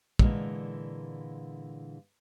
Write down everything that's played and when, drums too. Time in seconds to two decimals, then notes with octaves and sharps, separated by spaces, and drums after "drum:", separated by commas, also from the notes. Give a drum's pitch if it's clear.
0.19 A#2 D3 E3 G#3 A#3, drum: kick